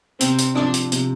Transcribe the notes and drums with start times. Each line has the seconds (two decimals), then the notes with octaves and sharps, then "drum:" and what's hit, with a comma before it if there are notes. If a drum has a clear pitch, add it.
0.20 C3 C4, drum: hi-hat
0.38 drum: hi-hat
0.55 F3 C4 D4, drum: rim click
0.74 drum: hi-hat
0.92 C3, drum: hi-hat